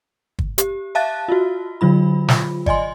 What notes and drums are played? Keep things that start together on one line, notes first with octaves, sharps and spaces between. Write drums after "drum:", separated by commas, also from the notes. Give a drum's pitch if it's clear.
drum: kick
G4, drum: hi-hat
E5 F5 A5 F#6 A6
F4 F#4
D3 F#3 F4 B5
drum: snare
D5 D#5 G#5 C6, drum: kick